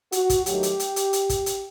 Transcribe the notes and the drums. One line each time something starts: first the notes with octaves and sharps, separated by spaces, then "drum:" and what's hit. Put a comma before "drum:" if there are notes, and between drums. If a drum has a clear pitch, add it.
F#4, drum: hi-hat
drum: kick, hi-hat
G2 D#3 F#3 A3 G4, drum: hi-hat
drum: hi-hat
drum: hi-hat
drum: hi-hat
drum: hi-hat
drum: kick, hi-hat
drum: hi-hat